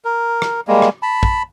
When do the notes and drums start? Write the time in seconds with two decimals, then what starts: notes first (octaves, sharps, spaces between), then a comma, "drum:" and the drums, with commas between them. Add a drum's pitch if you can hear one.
0.05 A#4
0.42 drum: rim click
0.68 G3 G#3 A#3
0.82 drum: rim click
1.03 A5 B5
1.23 drum: kick